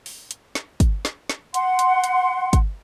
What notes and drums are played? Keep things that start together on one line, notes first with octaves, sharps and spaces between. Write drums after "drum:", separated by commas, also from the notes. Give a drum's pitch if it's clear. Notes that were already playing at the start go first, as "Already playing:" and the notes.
drum: open hi-hat
drum: hi-hat
drum: snare
drum: kick, hi-hat
drum: snare
drum: snare
F#5 C6, drum: hi-hat
drum: hi-hat
drum: hi-hat
drum: kick, hi-hat